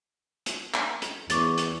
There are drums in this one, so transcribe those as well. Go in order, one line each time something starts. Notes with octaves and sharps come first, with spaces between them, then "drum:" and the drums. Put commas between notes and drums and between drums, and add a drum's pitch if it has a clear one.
drum: hi-hat
drum: clap
drum: hi-hat
E2 C#6 D6 A6, drum: hi-hat
drum: hi-hat